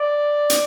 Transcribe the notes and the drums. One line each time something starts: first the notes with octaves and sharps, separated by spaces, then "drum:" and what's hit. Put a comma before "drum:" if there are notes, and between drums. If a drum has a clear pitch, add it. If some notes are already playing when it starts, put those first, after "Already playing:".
Already playing: D5
drum: hi-hat